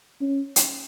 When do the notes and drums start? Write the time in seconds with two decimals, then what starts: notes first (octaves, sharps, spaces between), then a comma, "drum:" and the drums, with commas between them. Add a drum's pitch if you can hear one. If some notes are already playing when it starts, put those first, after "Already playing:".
0.21 C#4
0.56 drum: hi-hat